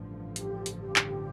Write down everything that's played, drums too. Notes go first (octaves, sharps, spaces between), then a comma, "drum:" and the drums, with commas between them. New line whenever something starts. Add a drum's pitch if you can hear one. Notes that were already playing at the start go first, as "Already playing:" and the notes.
Already playing: A1 G2 D3 F3
G4, drum: hi-hat
drum: hi-hat
G4
drum: clap